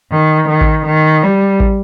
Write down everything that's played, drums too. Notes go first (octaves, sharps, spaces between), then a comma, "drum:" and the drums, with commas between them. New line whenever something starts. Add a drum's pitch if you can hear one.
D#3
D#3
drum: kick A1
D#3
G3
drum: kick A1